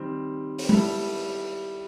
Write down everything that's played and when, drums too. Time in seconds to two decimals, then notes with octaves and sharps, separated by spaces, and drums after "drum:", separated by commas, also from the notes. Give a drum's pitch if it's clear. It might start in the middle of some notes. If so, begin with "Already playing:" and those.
Already playing: D#3 G3 C4
0.58 drum: open hi-hat
0.69 G3 B3 E4 A4, drum: tom